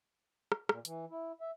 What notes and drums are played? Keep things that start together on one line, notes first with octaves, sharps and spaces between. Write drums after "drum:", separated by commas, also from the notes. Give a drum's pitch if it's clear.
drum: rim click
A#2, drum: rim click
E3, drum: hi-hat
E4
E5